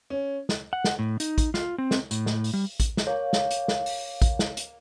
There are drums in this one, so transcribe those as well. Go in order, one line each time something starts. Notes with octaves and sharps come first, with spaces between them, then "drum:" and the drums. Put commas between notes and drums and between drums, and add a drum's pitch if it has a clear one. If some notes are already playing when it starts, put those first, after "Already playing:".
C#4
drum: snare
F#5
drum: snare
A2
D#4, drum: hi-hat
drum: kick, hi-hat
F4, drum: snare
C4
drum: snare
A2, drum: hi-hat
drum: snare
drum: open hi-hat
G3
drum: kick, hi-hat
drum: snare
A#3 C#5
drum: snare
drum: hi-hat
drum: snare
drum: open hi-hat
drum: kick, hi-hat
drum: snare
drum: hi-hat